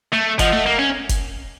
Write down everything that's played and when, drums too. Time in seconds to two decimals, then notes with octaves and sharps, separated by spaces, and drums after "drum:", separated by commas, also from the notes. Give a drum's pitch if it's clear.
0.13 A3
0.39 F3 D#5 F#5, drum: kick F#1, hi-hat
0.53 A3
0.66 A#3
0.79 C#4
1.09 drum: kick F#1, hi-hat